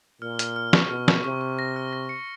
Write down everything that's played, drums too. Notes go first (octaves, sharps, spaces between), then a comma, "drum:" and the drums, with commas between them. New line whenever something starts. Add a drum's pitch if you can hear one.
A#2 F6
F6, drum: hi-hat
F6
C#6, drum: snare
B2 F6
C#6, drum: snare
C3 C#6
C#6
A#6
F6
A#6
C#7